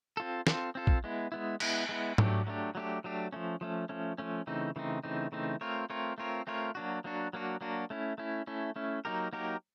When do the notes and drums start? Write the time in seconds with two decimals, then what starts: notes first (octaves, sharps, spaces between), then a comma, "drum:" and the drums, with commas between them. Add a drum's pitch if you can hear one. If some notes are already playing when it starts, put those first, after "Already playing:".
0.17 C4 F4 A4
0.47 C4 F4 A4, drum: snare
0.75 C4 F4 A4
0.87 drum: kick
1.04 G#3 B3 E4
1.32 G#3 B3 E4
1.60 G#3 B3 E4, drum: cymbal
1.89 G#3 B3 E4
2.18 F#3 A3 D4 G4, drum: tom G#2
2.47 F#3 A3 D4 G4
2.75 F#3 A3 D4 G4
3.04 F#3 A3 D4 G4
3.33 F3 A3 C#4
3.61 F3 A3 C#4
3.89 F3 A3 C#4
4.18 F3 A3 C#4
4.47 C#3 E3 A3 C4 D#4
4.76 C#3 E3 A3 C4 D#4
5.03 C#3 E3 A3 C4 D#4
5.32 C#3 E3 A3 C4 D#4
5.61 A3 C4 F4 A#4 C#5
5.90 A3 C4 F4 A#4 C#5
6.18 A3 C4 F4 A#4 C#5
6.47 A3 C4 F4 A#4 C#5
6.75 F#3 A#3 D4 F#4
7.04 F#3 A#3 D4 F#4
7.33 F#3 A#3 D4 F#4
7.61 F#3 A#3 D4 F#4
7.90 A3 C#4 E4
8.18 A3 C#4 E4
8.47 A3 C#4 E4
8.76 A3 C#4 E4
9.05 F#3 A#3 D#4 G4 A#4
9.33 F#3 A#3 D#4 G4 A#4